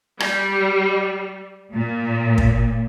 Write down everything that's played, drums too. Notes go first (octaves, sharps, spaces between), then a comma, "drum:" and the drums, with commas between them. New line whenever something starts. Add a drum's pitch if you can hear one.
G3, drum: rim click
A#2
drum: kick